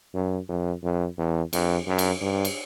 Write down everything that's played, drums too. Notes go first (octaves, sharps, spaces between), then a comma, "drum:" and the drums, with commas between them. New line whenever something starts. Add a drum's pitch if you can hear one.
F#2
F2
F2
E2
F2, drum: cymbal
F#2
drum: cymbal
G2
drum: cymbal